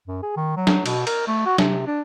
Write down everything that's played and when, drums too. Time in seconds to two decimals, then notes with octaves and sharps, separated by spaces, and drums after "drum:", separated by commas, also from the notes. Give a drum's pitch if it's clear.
0.08 F#2
0.23 G#4
0.37 D#3
0.56 F#3
0.67 drum: snare
0.86 B2, drum: cymbal
1.07 A#4, drum: cymbal
1.28 A3
1.46 F#4
1.58 C3, drum: snare
1.87 D4